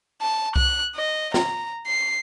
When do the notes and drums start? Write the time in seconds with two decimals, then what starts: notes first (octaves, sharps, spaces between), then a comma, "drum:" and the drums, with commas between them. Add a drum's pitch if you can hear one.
0.21 A5
0.56 F#6, drum: kick C2
0.96 D#5
1.34 A#5, drum: snare
1.87 C7